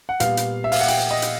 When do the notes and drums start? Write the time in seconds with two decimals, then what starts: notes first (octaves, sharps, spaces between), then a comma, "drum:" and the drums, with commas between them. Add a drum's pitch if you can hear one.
0.09 F#5
0.20 A#2 G3 B3 F5, drum: hi-hat
0.37 drum: hi-hat
0.64 E5
0.72 F5, drum: open hi-hat
0.80 F#5
0.88 G5, drum: hi-hat
1.11 D#5
1.22 drum: hi-hat